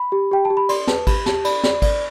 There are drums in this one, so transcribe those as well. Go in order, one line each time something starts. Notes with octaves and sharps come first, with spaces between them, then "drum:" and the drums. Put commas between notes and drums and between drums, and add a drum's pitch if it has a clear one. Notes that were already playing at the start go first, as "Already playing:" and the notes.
Already playing: B5
G4
G4 G5
A5
G4
B5
D5 C6, drum: cymbal
B4 A5, drum: snare
G4 B5, drum: kick G#1, cymbal
G4 A5, drum: snare
D5 B5, drum: cymbal
D5, drum: snare
D5, drum: kick G#1, cymbal